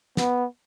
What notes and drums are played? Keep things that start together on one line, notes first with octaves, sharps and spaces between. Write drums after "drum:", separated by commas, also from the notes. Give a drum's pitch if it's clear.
B3, drum: snare